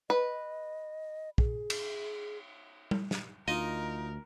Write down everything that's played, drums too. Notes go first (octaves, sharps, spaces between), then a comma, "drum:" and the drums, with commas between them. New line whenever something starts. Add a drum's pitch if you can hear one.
B4 D#5
G#4, drum: kick
drum: cymbal
drum: tom G3
drum: snare
D2 D#4 F4 A#4 D#5